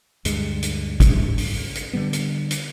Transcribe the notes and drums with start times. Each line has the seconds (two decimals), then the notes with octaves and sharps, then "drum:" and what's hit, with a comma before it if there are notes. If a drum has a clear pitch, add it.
0.25 D2 G2 G#3, drum: hi-hat
0.63 drum: hi-hat
1.00 drum: kick, hi-hat
1.38 drum: open hi-hat
1.75 drum: hi-hat
1.93 D3 E3 G3 B3
2.13 drum: hi-hat
2.51 drum: hi-hat